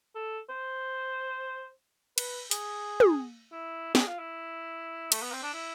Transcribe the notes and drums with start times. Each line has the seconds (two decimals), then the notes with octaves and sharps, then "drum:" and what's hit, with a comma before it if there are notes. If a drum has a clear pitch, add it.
0.15 A4
0.49 C5
2.18 B4, drum: cymbal
2.51 G#4, drum: hi-hat
3.00 drum: tom
3.52 E4
3.95 G#4, drum: snare
4.07 F4
4.19 E4
5.12 A3, drum: cymbal
5.22 B3
5.32 C4
5.43 D4
5.54 E4